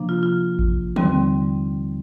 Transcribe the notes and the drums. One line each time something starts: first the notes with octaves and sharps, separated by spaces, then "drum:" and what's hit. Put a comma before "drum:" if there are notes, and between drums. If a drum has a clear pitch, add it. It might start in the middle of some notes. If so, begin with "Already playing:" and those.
Already playing: C3 F3 A#3 D4
F4
F4
drum: kick A1
D#2 D3 G3 C4, drum: tom D3